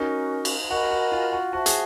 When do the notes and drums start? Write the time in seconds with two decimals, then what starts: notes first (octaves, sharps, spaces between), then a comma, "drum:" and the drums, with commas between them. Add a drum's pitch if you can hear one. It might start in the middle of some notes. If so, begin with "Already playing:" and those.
Already playing: C#4 D#4 F#4 A#4
0.45 drum: cymbal
0.70 F#4 A#4 D#5 G#5 B5
0.91 F#4
1.12 F4
1.33 F#4
1.53 F#4 C5 E5 A5
1.66 G#4, drum: hi-hat